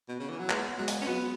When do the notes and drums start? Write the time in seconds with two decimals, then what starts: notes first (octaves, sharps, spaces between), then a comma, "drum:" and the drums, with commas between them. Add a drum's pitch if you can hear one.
0.08 B2
0.19 C#3
0.29 E3
0.39 F#3
0.50 G#3 B3, drum: clap
0.78 F#3 G#3
0.88 drum: open hi-hat
1.02 C#4
1.07 F#3 B3